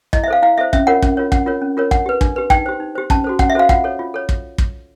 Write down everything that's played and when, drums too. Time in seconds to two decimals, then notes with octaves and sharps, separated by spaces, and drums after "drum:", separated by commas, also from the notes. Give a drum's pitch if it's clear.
0.13 E4 D#5, drum: kick
0.24 E5
0.28 A4 C5 F5
0.42 E4 F5
0.58 A4 C5 E5
0.73 C#4 E5, drum: kick
0.87 F4 A#4 C#5 F#5
1.02 C#4, drum: kick
1.17 F4 A#4 C#5
1.32 C#4 F#5, drum: kick
1.46 F4 A#4 C#5
1.62 C#4
1.77 F4 A#4 C#5
1.91 D4 F#5, drum: kick
2.06 G4 B4
2.21 D4, drum: kick
2.36 G4 B4
2.50 D#4 G5, drum: kick
2.66 G4 C5
2.80 D#4
2.95 G4 C5
3.10 C#4 A5, drum: kick
3.24 F#4 A4 C5
3.39 C#4 F#5, drum: kick
3.50 E5
3.55 F#4 A4 C5 F5
3.69 F4 F#5, drum: kick
3.84 A4 C#5
3.99 F4
4.14 A4 C#5
4.29 drum: kick
4.58 drum: kick